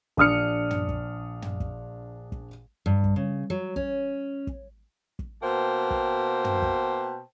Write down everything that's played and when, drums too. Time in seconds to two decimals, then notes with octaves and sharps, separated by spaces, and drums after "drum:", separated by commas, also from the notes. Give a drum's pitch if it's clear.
0.17 A#1 D4 D#6 F6 C#7, drum: kick
0.71 drum: tom
0.88 drum: kick
1.42 drum: tom
1.60 drum: kick
2.32 drum: kick
2.86 G2
3.04 drum: kick
3.16 C#3
3.50 F#3
3.76 C#4, drum: kick
4.47 drum: kick
5.19 drum: kick
5.42 B2 A#3 C5 G5 A5
5.91 drum: kick
6.44 drum: tom
6.62 drum: kick